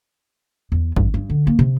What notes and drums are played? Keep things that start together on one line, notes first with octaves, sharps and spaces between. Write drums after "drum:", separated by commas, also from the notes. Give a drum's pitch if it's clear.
E2
G2, drum: kick
G2
D3
A#3
C3